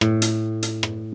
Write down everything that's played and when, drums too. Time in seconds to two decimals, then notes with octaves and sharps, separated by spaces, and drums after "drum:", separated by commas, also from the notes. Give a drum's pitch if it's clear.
0.01 A2, drum: rim click
0.22 drum: hi-hat
0.63 drum: hi-hat
0.83 drum: rim click